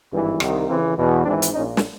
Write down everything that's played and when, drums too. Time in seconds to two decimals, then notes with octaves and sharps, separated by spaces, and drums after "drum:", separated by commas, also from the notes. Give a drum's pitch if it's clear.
0.11 G#1 G2 E3
0.40 C2 C3 D#3, drum: rim click
0.68 F2 C#3 E3 A#3 C4
0.97 E2 B2
1.25 G#1 G#2 E3 C4 D4
1.42 drum: hi-hat
1.54 A#1 A#2 C#4 D#4
1.77 drum: snare